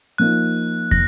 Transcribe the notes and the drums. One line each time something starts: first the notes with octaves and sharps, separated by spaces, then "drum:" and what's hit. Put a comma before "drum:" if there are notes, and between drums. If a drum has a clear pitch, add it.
F3 A#3 D#4 F#6
A#6, drum: kick